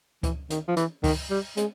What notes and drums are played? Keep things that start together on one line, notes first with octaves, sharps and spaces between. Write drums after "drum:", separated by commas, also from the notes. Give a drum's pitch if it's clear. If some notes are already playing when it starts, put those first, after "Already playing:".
E3, drum: kick C#2, hi-hat
D#3, drum: hi-hat
F3
E3, drum: hi-hat
D#3, drum: kick C#2, open hi-hat
G3
G#3, drum: hi-hat